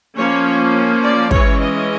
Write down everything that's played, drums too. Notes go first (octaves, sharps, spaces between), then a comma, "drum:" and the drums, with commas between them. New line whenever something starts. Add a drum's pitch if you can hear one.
F3 A#3 C#4 C#5
D5
E3 G#3 C#4 C#5, drum: kick
D#5